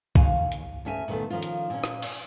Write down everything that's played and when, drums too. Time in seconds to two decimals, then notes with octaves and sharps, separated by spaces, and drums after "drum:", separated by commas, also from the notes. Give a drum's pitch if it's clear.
0.15 D#2 F5 G#5, drum: kick B1
0.52 drum: hi-hat
0.85 D2 C#4 E5 G#5
1.08 A#2 D#3 A3 B3
1.30 D#3 F3 C#4 F4
1.42 drum: hi-hat
1.70 A#2 C#4
1.84 drum: rim click
2.02 drum: cymbal